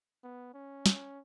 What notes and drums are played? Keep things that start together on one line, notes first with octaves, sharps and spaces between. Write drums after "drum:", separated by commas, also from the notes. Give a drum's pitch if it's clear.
B3
C#4
drum: snare